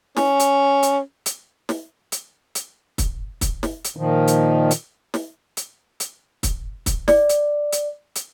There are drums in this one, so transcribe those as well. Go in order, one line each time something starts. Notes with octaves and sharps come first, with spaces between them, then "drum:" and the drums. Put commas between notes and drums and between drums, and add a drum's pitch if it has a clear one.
C#4, drum: snare
drum: hi-hat
drum: hi-hat
drum: hi-hat
drum: snare
drum: hi-hat
drum: hi-hat
drum: kick, hi-hat
drum: kick, hi-hat
drum: snare
drum: hi-hat
A#2 D#3 F3
drum: hi-hat
drum: hi-hat
drum: snare
drum: hi-hat
drum: hi-hat
drum: kick, hi-hat
drum: kick, hi-hat
D5, drum: snare
drum: hi-hat
drum: hi-hat
drum: hi-hat